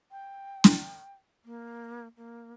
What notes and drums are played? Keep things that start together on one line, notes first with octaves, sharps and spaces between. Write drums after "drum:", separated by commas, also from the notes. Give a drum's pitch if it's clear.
G5
drum: snare
A#3
A#3